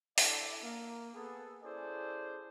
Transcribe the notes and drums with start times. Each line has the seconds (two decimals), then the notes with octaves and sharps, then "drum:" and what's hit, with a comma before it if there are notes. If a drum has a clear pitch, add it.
0.18 D4 E4 A4 D5 E5, drum: open hi-hat
0.62 A#3
1.14 B3 G#4 A4
1.63 C#4 E4 G#4 A4 C5 D5